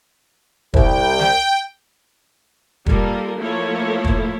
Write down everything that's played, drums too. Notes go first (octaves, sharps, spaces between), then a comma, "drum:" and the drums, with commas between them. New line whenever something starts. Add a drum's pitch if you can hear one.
C2 G5, drum: kick
drum: snare
G3 A#3 F4 A4 A#4, drum: kick
F3 A3 A#3 E4 A4 C#5
drum: kick